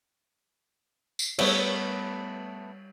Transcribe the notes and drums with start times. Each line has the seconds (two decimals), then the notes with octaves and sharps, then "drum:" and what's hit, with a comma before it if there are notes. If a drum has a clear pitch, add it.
1.19 drum: tambourine
1.39 G3 A3 B3 C#5, drum: cymbal